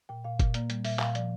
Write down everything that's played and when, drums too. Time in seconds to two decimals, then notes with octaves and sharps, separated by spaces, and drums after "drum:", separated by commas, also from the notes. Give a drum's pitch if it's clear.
0.09 A#2 G5
0.24 A#2 F5
0.39 A#2, drum: kick, hi-hat
0.54 A#3 D5, drum: hi-hat
0.70 G3, drum: hi-hat
0.85 A#2 E5, drum: open hi-hat
0.99 A#2 F5, drum: clap
1.15 F3 D5, drum: hi-hat